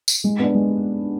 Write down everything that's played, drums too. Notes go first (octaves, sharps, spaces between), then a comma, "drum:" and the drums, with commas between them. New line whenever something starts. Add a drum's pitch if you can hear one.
drum: tambourine
G#3
B3 D4
G#3